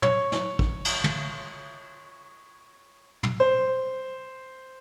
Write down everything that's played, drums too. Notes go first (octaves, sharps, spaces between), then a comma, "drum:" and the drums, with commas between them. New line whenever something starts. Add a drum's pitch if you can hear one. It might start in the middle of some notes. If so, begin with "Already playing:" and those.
C#5, drum: tom
drum: snare
drum: kick
drum: cymbal
drum: tom
drum: tom
C5